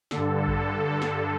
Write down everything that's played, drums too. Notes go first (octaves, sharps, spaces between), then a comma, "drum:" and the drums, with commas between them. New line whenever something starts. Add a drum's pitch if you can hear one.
G2 D3 A4, drum: snare
drum: kick A1
G2 D3
drum: snare